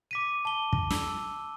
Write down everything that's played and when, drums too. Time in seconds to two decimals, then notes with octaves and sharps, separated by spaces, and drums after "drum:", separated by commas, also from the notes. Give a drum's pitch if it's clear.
0.11 D6 B6 D#7
0.45 A5 G7
0.73 drum: kick
0.90 E6, drum: snare